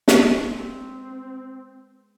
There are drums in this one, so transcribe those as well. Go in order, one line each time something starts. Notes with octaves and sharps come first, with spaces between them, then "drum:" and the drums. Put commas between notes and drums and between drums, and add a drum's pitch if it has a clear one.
G#3 B3, drum: snare
C4